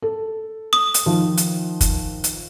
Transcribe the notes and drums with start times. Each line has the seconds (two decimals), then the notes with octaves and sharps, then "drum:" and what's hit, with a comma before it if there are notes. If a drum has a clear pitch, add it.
0.02 A4
0.73 D#6
0.94 drum: hi-hat
1.06 D#3 F3
1.37 drum: hi-hat
1.81 drum: kick, hi-hat
2.24 drum: hi-hat